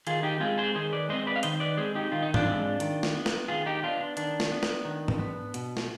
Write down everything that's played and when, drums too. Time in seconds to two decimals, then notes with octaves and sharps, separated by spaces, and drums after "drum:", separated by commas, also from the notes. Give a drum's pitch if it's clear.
0.07 D#3 F4 G#4, drum: hi-hat
0.23 D#4 G4
0.40 G#3 C4 F4 G#4
0.58 G#4 C5
0.75 D#3 G#4 C5
0.93 B4 D5
1.09 G#3 C4 C5 D#5
1.27 B4 D5
1.36 F5
1.43 D#3 C5 D#5, drum: hi-hat
1.60 B4 D5
1.77 G#3 C4 G#4 C5
1.95 D#4 G4
2.12 D#3 F4
2.22 D#4
2.34 D4 F4, drum: tom G#2
2.46 C4
2.51 G#3
2.80 D#3, drum: hi-hat
3.03 drum: snare
3.15 B3
3.26 drum: snare
3.48 D#3 F4 G#4
3.66 D#4 G4
3.83 B3 D4 F4
4.00 D4
4.17 D#3 D4, drum: hi-hat
4.40 drum: snare
4.52 B3
4.63 drum: snare
4.85 D#3
5.08 drum: tom G#2
5.19 B3
5.54 B2, drum: hi-hat
5.77 drum: snare